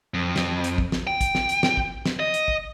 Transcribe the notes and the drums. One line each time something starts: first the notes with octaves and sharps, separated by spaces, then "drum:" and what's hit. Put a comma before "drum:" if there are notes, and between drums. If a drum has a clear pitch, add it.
F2
drum: snare
drum: hi-hat
drum: kick
drum: snare
G5
drum: kick, hi-hat
drum: snare
drum: hi-hat
drum: snare
drum: kick
drum: snare
D#5
drum: hi-hat
drum: kick